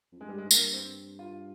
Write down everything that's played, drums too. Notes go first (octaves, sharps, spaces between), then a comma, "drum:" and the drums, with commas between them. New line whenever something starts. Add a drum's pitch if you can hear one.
F2
G2 G#3
G3
G#3
G#2
G2 A#3, drum: tambourine
C4
F4